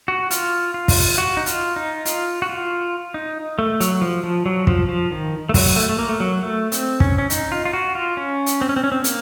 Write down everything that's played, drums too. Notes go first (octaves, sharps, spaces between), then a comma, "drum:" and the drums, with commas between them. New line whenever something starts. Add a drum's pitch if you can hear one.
F#4
F4, drum: hi-hat
F4
drum: kick, open hi-hat
F#4
D#4
F4, drum: hi-hat
D#4
F4, drum: hi-hat
F#4
F4
D#4
A3
F#3, drum: hi-hat
F3
F3
F#3
F3, drum: kick
F3
D#3
A3
F#3, drum: kick, open hi-hat
A3
A3
A#3
A3
F#3
A3
C4, drum: hi-hat
C#4, drum: kick
C#4
D#4, drum: hi-hat
F4
F4
F#4
F4
C#4
drum: hi-hat
C4
C#4
C4
C#4
C4
A#3, drum: hi-hat